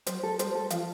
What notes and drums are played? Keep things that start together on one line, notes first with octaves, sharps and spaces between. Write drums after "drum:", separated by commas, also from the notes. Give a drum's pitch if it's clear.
F#3 C5, drum: hi-hat
A4
G3 C5, drum: hi-hat
A4
F3 F5, drum: hi-hat